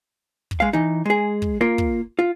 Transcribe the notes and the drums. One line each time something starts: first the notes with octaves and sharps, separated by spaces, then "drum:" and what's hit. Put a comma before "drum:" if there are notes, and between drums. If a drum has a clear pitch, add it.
drum: kick
G#3 F5
E3 D#4
G#3 G#4
drum: kick
A#3 F4 A#4
drum: kick
F4